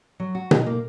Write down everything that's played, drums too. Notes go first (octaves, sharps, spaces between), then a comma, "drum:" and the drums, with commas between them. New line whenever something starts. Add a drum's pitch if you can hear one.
F#3
F#4
D#4, drum: tom B2
A#3